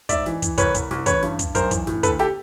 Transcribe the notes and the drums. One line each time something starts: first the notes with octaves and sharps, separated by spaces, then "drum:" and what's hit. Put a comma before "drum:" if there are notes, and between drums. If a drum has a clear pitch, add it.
G#2 D5 E5, drum: kick, hi-hat
E3, drum: snare
E3, drum: kick, hi-hat
C2 B4 C#5, drum: kick, hi-hat
C2, drum: kick, hi-hat
C2, drum: snare
A1 B4 C#5, drum: kick, hi-hat
G2, drum: snare
G2, drum: kick, hi-hat
B1 A#4 C5, drum: kick, hi-hat
E3, drum: kick, hi-hat
A2, drum: snare
D2 A4 B4, drum: kick, hi-hat
G4 A4, drum: snare